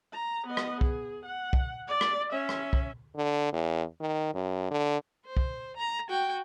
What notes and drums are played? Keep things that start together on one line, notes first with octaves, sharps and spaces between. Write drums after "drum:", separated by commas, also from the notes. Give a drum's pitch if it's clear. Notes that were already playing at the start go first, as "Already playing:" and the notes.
A#5
B3 D#5
drum: rim click
G#4, drum: kick
F#5
drum: kick
D5
drum: rim click
C#4 E5
drum: rim click
drum: kick
D3
E2
D#3
F#2
D3
C5
drum: kick
A#5
F#4 G5